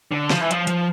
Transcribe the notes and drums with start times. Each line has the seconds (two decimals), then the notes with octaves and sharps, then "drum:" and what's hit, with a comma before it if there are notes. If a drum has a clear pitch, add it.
0.11 D3
0.30 F3, drum: snare
0.41 E3
0.51 F3, drum: hi-hat
0.67 F3, drum: hi-hat